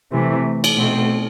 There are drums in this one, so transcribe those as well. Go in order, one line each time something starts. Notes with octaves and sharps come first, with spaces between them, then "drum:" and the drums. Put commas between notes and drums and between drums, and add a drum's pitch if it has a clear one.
C3 E3 A3
drum: cymbal
B2 A3 C4